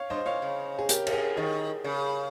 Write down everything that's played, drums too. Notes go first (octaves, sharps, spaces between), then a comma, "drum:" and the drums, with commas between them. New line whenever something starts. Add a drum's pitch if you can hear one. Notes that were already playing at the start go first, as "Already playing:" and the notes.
Already playing: C#5 F5
G2 C5 D#5
A#2 C#5 F5
C#3
G#4
G4 A#4, drum: hi-hat
A#4, drum: cymbal
G#4
D#3 G#4
C#3